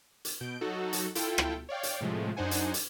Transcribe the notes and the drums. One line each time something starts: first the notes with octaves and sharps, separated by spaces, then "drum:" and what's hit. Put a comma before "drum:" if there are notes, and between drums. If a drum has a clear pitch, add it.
drum: hi-hat
B2 G6 D7
F#3 D#4 F#4 A4
drum: hi-hat
E4 F4 A4 G5, drum: hi-hat
drum: rim click
C#5 D5 F5 G5
drum: hi-hat
A2 C3 F3 G#3 A3
F#2 D4 D#4 C5 F#5 G#5
drum: hi-hat
drum: hi-hat